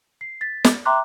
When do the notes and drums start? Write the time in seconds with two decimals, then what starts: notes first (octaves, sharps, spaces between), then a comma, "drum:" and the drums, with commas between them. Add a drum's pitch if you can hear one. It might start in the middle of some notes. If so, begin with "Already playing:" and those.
0.21 C7
0.41 A6 B6
0.64 drum: snare
0.85 E5 G5 A#5 C6 D6 F#6